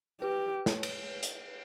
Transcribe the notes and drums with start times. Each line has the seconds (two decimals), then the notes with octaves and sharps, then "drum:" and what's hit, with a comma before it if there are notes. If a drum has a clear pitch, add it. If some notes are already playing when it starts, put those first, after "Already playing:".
0.22 G4 B4
0.66 C#5, drum: snare
0.83 drum: cymbal
1.23 drum: hi-hat